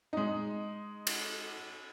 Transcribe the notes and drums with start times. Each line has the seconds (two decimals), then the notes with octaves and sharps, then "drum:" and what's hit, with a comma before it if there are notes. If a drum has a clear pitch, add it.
0.13 G#3 D#4
1.07 drum: cymbal